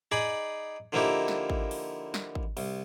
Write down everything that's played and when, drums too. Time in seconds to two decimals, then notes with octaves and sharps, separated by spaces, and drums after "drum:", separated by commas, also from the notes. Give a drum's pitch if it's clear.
0.11 D#4 G#4 D5 G#5 B5 D#6
0.92 D3 F3 A#3 D#4 E4 G4
1.28 drum: snare
1.50 drum: kick G#1
1.71 drum: open hi-hat
2.14 drum: snare
2.35 drum: kick G#1
2.57 C2, drum: open hi-hat